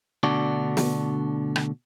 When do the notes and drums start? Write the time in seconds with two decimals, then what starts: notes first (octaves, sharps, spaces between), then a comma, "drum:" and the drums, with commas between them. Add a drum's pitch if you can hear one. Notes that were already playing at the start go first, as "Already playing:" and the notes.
0.23 D2 B2 D3 D4 F#4 D5
0.77 drum: snare
1.56 drum: rim click